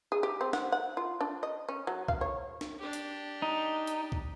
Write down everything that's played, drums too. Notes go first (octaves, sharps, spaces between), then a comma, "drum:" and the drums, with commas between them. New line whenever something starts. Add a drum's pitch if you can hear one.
G#4
G4
C4
F#5, drum: snare
F#5
F4
D4
D#5
C#4
F#3
F5, drum: kick C2
C#5
drum: snare
D4 G4
drum: hi-hat
D#4
drum: hi-hat
drum: kick C2